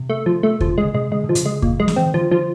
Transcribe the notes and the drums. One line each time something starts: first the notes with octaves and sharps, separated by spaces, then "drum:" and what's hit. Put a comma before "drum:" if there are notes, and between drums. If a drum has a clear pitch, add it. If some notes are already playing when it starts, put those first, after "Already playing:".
Already playing: C3
A3
F3
A3
D3 F3, drum: kick
C#3 G#3
C3 G#3
C#3 G#3
D3
F3
C#3, drum: hi-hat
G#3
A#2, drum: kick
F#3 G#3
F3, drum: snare
E3 C4
D#3
D3 F3
F3